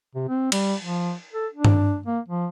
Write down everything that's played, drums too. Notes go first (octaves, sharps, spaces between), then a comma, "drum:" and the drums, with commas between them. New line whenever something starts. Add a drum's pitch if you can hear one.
C3
C4
G3, drum: cymbal
F3
A4
D4
drum: tom G2
A#3
F3